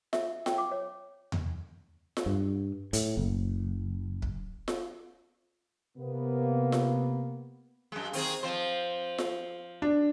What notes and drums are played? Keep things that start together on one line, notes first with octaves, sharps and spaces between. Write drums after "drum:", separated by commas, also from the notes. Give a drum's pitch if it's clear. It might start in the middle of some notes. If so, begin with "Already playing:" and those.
E5, drum: snare F4
G5, drum: snare F4
D6
C#5
drum: tom E2
drum: snare F4
G2
A2, drum: hi-hat
F#1
drum: kick
drum: snare F4
C3 A#3 B3
drum: snare F4
F#2 G#3
D#3 C4 G#4, drum: open hi-hat
F3 C4 C5
drum: snare F4
D4